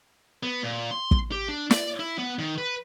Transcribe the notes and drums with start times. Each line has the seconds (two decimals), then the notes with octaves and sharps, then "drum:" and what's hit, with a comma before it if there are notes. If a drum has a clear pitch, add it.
0.43 B3
0.63 A#2
0.91 C6
1.11 drum: kick
1.32 G4
1.48 D4
1.71 D5, drum: snare
2.00 E4
2.18 B3
2.39 D#3
2.58 B4